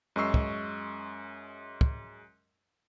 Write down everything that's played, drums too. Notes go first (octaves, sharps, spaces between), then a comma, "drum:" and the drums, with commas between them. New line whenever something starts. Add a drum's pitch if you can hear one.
F#2 G#3 D#5 C#6 E6 C7
drum: kick
drum: kick